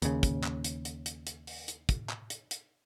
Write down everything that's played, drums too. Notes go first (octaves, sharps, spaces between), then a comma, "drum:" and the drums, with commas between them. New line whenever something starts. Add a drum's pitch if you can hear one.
D#2 C#3, drum: hi-hat
drum: kick, hi-hat
drum: clap
drum: hi-hat
drum: hi-hat
drum: hi-hat
drum: hi-hat
drum: open hi-hat
drum: hi-hat
drum: kick, hi-hat
drum: clap
drum: hi-hat
drum: hi-hat